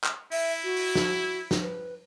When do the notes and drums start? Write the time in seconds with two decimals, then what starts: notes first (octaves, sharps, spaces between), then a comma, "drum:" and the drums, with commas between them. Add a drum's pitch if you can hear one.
0.04 drum: clap
0.31 E4 E5, drum: open hi-hat
0.64 F#4
0.76 drum: open hi-hat
0.95 drum: snare
1.51 drum: snare
1.62 B4